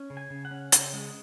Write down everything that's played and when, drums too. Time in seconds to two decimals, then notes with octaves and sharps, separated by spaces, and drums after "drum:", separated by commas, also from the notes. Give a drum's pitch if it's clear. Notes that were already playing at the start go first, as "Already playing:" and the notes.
Already playing: C#4
0.10 C#3
0.17 G#5
0.30 C#3
0.45 F#5
0.51 C#4
0.72 C#3, drum: hi-hat
0.93 G#3